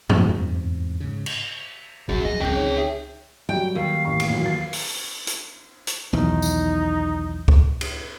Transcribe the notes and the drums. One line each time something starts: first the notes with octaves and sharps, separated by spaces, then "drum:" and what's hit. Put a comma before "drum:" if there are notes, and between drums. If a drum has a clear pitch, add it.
A#2 F3 F#3, drum: tom F2
E2 G#2 C3
G#2 C#3
drum: cymbal
A1 A#2 C#4 F#4 G#4
F3 G3 D#5
C#2 D3 C4 C#4 G#4 G5 G6
D#4 C#5
E5 G5
F#3 G3 G5
D#2 F5
A1 C#6
drum: cymbal
A#2 E3 F#3
A6
drum: open hi-hat
drum: hi-hat
drum: hi-hat
B1 E2 D#3 D#4
drum: tambourine
drum: kick
drum: cymbal